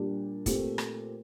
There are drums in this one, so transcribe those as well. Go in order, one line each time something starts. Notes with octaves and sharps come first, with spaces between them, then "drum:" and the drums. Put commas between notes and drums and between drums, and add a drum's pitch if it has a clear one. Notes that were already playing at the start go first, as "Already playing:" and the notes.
Already playing: A#2 G3 D4 G4
A#2 A3 C4 G4, drum: kick, hi-hat
drum: rim click